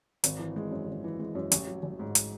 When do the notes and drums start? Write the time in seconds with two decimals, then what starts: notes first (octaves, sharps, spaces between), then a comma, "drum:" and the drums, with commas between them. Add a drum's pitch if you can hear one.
0.24 G#1, drum: hi-hat
0.39 E3
0.56 G#3
0.71 F#2
0.87 G#1
1.04 E3
1.20 G#3
1.35 F#2
1.52 A1, drum: hi-hat
1.67 F#3
1.83 A1
1.99 G#2
2.15 drum: hi-hat